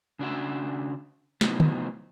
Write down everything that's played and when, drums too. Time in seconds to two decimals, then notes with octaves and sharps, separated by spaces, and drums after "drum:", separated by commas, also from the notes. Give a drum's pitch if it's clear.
0.19 C#3 D4 F#4 E5
1.41 A2 C3 F3 F#3 B3 D#4, drum: snare
1.60 drum: tom D3